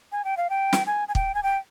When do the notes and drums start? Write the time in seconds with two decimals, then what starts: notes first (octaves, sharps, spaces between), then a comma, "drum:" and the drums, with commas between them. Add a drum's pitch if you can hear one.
0.12 G#5
0.24 G5
0.37 F5
0.50 G5
0.73 drum: snare
0.87 G#5
1.08 G#5
1.15 G5, drum: kick
1.35 G#5
1.43 G5